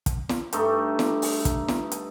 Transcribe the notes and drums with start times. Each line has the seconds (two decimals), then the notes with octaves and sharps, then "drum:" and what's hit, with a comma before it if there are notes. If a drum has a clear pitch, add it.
0.06 drum: kick, hi-hat
0.29 drum: snare
0.53 G2 A3 D#4, drum: hi-hat
0.99 drum: snare
1.22 drum: open hi-hat
1.45 drum: kick, hi-hat
1.68 drum: snare
1.92 drum: hi-hat